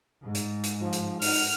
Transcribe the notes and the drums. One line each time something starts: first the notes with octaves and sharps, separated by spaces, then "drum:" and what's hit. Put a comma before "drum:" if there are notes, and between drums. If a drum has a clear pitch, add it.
G#2
drum: hi-hat
drum: hi-hat
F3
drum: hi-hat
D#4 F#5 F6, drum: open hi-hat